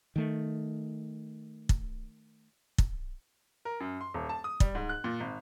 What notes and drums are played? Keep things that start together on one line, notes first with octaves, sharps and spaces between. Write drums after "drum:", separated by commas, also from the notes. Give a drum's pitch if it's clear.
D#3 A3
drum: kick
drum: kick
A#4
F#2
C6
D#1
A5
D#6
G3, drum: kick
G#2
F#6
A#2
G#1